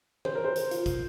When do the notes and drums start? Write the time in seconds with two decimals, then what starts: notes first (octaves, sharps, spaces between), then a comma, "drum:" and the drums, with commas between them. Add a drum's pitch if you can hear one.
0.25 C5, drum: tom D#3
0.35 A#4
0.45 C5
0.56 drum: hi-hat
0.71 F4, drum: hi-hat
0.86 drum: kick, hi-hat